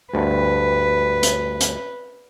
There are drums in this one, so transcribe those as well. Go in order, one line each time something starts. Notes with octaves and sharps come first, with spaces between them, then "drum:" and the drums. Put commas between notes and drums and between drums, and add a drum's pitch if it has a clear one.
D2 G2 B4
drum: hi-hat
drum: hi-hat